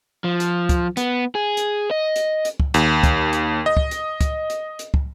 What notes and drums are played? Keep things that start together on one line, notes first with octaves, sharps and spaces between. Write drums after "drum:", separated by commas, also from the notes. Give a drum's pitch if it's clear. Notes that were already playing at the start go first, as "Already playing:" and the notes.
F3
drum: hi-hat
drum: kick, hi-hat
B3, drum: hi-hat
G#4
drum: hi-hat
D#5
drum: hi-hat
drum: hi-hat
drum: kick
D#2, drum: hi-hat
drum: kick, hi-hat
drum: hi-hat
D#5
drum: kick
drum: hi-hat
drum: kick, hi-hat
drum: hi-hat
drum: hi-hat
drum: kick